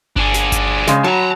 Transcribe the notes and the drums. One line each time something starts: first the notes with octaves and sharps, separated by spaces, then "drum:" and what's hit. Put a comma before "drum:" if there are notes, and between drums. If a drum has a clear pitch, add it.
D4 G#4, drum: kick G1
drum: snare
drum: kick G1, hi-hat
C#3 G#3, drum: snare
F#3 A5 A#5